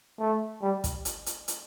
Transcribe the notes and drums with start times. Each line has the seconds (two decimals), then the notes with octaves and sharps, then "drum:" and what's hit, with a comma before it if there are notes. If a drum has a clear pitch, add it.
0.19 A3
0.62 G3
0.84 drum: kick, hi-hat
1.05 drum: hi-hat
1.26 drum: hi-hat
1.48 drum: hi-hat